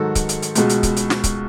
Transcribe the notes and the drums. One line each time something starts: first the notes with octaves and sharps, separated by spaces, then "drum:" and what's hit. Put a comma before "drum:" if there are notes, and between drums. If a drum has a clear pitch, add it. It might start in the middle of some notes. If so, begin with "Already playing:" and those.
Already playing: G#2 D#3 F#3 F#4 A4
drum: kick C#1, hi-hat
drum: hi-hat
drum: hi-hat
C#2 B2 G#3, drum: hi-hat
drum: hi-hat
drum: kick C#1, hi-hat
drum: hi-hat
drum: snare
drum: kick C#1, hi-hat